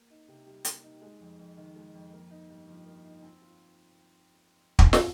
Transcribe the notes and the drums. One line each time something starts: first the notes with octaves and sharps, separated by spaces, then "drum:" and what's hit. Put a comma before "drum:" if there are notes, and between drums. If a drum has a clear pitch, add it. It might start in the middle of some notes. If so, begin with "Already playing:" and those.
Already playing: A#3
D#4
C3
G3
A#3, drum: hi-hat
D#4
G#3
F2
F2
D#3
G#3
F2
A#3
D#4
G2
F3
A#3
D#4
C4
F4
drum: kick
drum: snare